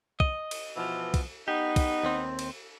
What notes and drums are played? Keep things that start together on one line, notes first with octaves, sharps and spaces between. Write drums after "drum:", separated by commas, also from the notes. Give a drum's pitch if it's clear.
D#5, drum: kick
drum: cymbal
B2 E3 F3
drum: kick, cymbal
B3 D#4 G4
drum: kick, cymbal
D#2 C4
drum: cymbal